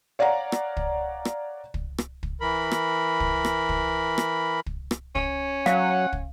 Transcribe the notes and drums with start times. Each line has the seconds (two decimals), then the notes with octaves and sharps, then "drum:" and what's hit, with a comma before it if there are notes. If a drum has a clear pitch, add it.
0.19 C#5 D5 F5 F#5 A#5
0.52 drum: rim click
0.77 drum: kick
1.25 drum: rim click
1.74 drum: kick
1.98 drum: rim click
2.23 drum: kick
2.41 E3 A#4 B5
2.71 drum: rim click
3.20 drum: kick
3.45 drum: rim click
3.69 drum: kick
4.18 drum: rim click
4.66 drum: kick
4.91 drum: rim click
5.15 C#4, drum: kick
5.66 F#3 F5 F#5, drum: rim click
6.13 drum: kick